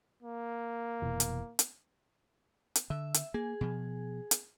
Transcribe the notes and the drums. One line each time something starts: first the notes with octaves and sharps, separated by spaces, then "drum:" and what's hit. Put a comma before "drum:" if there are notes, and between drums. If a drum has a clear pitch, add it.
A#3
F1 B2 E3
drum: hi-hat
drum: hi-hat
drum: hi-hat
D3 E5
drum: hi-hat
A#3 G#4
B2 F3
drum: hi-hat